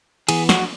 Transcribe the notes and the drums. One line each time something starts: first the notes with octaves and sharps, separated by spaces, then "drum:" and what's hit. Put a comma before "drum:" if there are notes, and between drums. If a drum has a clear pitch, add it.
E3 B3 G#4, drum: cymbal
F#4, drum: snare